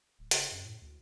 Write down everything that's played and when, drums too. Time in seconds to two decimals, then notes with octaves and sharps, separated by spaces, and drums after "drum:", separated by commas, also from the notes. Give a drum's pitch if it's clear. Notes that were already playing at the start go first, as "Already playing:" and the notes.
0.19 D1
0.31 C#3, drum: hi-hat
0.52 F#2
0.65 A2
0.82 D2